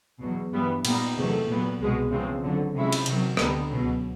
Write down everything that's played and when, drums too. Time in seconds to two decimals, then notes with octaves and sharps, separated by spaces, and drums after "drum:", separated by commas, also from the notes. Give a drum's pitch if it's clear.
0.20 E2 B2 F#3
0.53 G2 E3 G3 B3
0.85 A#2 G3 B3 D#4, drum: cymbal
1.16 E2 C3 D#3 F#3 A3
1.48 A#2 F#3 B3
1.80 C2 B2 G#3
2.11 E2 C#3 F3 G#3 C4
2.42 F2 D3 F#3
2.74 C3 F3 G#3 C#4 E4
2.93 drum: cymbal
3.06 C3 D#3 F#3, drum: hi-hat
3.37 D2 D3 G3 B3 D#4, drum: rim click
3.70 C#2 B2 F#3